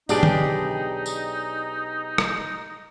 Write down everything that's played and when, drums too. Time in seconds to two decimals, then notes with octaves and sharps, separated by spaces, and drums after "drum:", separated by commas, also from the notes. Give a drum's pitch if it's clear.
0.09 B1 D4 D#4 G4 G#4 D5, drum: tambourine
0.23 drum: tom
1.06 drum: tambourine
2.18 drum: rim click